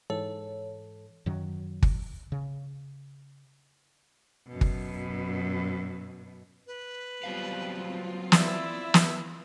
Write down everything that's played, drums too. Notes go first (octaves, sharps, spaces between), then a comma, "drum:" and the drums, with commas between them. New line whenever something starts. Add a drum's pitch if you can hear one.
G#2 E3 A4 C#5
F#2 D#3 F#3
drum: kick G1
C#3
F#2 B2
drum: kick G1
B4
F#3 G3 B3 C4 F4 C5 F5
E4 D5 E5, drum: snare
drum: snare